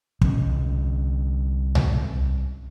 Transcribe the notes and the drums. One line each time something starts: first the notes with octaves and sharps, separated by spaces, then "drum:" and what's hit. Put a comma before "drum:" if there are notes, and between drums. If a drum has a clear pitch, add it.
C2 C#4, drum: kick
drum: tom C2